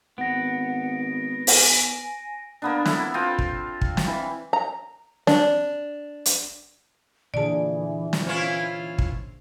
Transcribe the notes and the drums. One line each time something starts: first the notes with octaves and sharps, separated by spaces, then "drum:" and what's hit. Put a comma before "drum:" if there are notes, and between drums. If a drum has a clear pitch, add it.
G#1 B3 F#5 A#6 D7
G#5, drum: open hi-hat
A#3 B3 D4
E4 A4, drum: snare
C4 F4 G5 A5
drum: kick
drum: kick
drum: snare
E3
A#5
D4, drum: snare
drum: hi-hat
A#2 D3 E3 G#4 D5 A5
drum: snare
C#4 E4 F4 C5
drum: kick